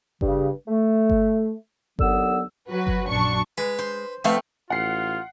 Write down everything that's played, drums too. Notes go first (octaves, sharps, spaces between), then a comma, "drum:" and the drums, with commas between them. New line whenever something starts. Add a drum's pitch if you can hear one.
G2 C#3, drum: kick G1
A3
drum: kick G1
D#2 D3 F#3 B3 E6, drum: kick G1
F#3 F#4 B4
drum: kick G1
A#1 F#2 F#3 D4 C#6
G#3 B4
C5
F3 A3 B3 C4 F5
A1 F4 F#5 C7